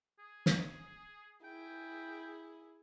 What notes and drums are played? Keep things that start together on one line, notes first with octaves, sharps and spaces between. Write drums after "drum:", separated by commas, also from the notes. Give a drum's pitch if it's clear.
G#4
drum: snare
E4 G#4 G5